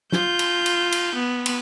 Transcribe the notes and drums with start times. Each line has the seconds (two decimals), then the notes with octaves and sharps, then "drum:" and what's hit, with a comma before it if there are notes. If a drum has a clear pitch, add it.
0.12 F4 G6, drum: snare
0.39 drum: cymbal
0.66 drum: cymbal
0.92 drum: cymbal
1.15 B3
1.46 drum: cymbal